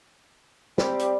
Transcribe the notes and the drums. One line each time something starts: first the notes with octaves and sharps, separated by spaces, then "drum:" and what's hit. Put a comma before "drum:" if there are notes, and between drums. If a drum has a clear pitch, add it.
G3 C4 G4 D5, drum: snare
drum: hi-hat